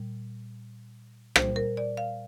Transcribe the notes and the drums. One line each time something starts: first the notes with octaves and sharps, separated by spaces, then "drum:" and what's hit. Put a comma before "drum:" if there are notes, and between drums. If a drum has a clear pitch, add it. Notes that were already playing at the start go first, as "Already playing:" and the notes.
Already playing: A#2 G3
A#2 G3 C5, drum: rim click
A#4
D5
F5